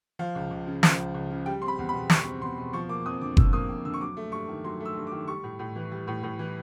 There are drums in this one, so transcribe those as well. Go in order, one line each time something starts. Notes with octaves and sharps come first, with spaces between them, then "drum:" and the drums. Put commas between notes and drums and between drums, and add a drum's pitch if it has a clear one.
F3 F5
C#2
C#2
C#3
F3, drum: snare
C#2
C#2
C#3
G3 G5
C4 C6
B5
E2
B5
B2
G3 C#6, drum: snare
C4
E2 C6
B2
F3 C#6
A#3 D6
F2 D#6
D3 D6
F3 E6, drum: kick F#1
A#3 D#6
F2
D3 E6
C#6
F#3 D6
A3
G2 C#6
D#3
F#3 C6
A3 E6
G2
D6
D#3
G3 C#6
A2
A2
E3
G3
A2
A2
E3